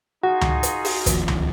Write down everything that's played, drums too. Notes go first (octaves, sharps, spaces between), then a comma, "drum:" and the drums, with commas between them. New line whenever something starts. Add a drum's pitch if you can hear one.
D#4 F4 F#4 G#4 F#5
drum: tom C#2
drum: hi-hat
drum: open hi-hat
D1 D#2 F3, drum: kick, hi-hat
drum: tom C#2